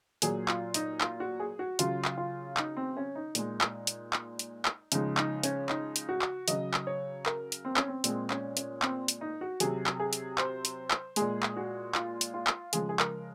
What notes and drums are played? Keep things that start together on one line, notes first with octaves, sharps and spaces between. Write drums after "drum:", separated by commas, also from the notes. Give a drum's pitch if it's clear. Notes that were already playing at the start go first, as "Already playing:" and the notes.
A#2 F#3 G#4, drum: hi-hat
F4, drum: clap
D#4, drum: hi-hat
F4, drum: clap
F#4
G#4
F#4
C#3 F#3 F4, drum: hi-hat
drum: clap
F4
D#4, drum: clap
C4
C#4
D#4
A#2 G#3, drum: hi-hat
drum: clap
drum: hi-hat
drum: clap
drum: hi-hat
drum: clap
C#3 F3 G#3 D#4, drum: hi-hat
D#4, drum: clap
C#4, drum: hi-hat
D#4, drum: clap
drum: hi-hat
F#4
drum: clap
C#3 F#3 D#5, drum: hi-hat
drum: clap
C#5
A#4, drum: clap
drum: hi-hat
C4
C#4, drum: clap
C4
A#2 G#3 C4, drum: hi-hat
C#4, drum: clap
C#4, drum: hi-hat
C4, drum: clap
drum: hi-hat
D#4
F#4
C3 F#3 G#4, drum: hi-hat
drum: clap
G#4
drum: hi-hat
C5, drum: clap
drum: hi-hat
drum: clap
A#2 G#3 G#4, drum: hi-hat
drum: clap
F#4
F4, drum: clap
drum: hi-hat
F4
drum: clap
C#3 F3 G#3 G#4, drum: hi-hat
G#4
A#4, drum: clap